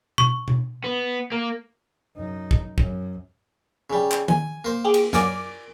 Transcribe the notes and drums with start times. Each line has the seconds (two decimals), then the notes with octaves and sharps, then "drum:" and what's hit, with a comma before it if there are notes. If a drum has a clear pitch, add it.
0.18 C#6, drum: tom B2
0.48 drum: tom B2
0.84 B3
1.32 A#3
2.16 F#2 D#4
2.51 drum: kick
2.78 F#2, drum: kick
3.90 C#3 G3
4.12 drum: clap
4.28 G#5, drum: tom D#3
4.64 A#3 C5
4.84 G4 G#4
4.94 drum: cymbal
5.13 F#2 A#4 D5 G#5 D6, drum: snare